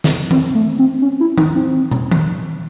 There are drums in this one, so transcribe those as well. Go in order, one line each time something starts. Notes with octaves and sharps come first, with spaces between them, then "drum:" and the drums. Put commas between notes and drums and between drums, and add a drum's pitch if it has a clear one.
drum: snare
C4, drum: tom D#3
A3
C4
C#4
E4
D#4, drum: tom D#3
C4
drum: tom
drum: tom D#3